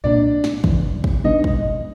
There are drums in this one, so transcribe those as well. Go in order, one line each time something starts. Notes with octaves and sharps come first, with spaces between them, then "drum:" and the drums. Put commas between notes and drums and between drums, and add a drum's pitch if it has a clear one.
C2 A#2 F3 A#3 D4 D5
drum: snare
F#2 C#3 E3, drum: kick
drum: kick
B2 G#3 B3 D4 D#4 D#5
drum: kick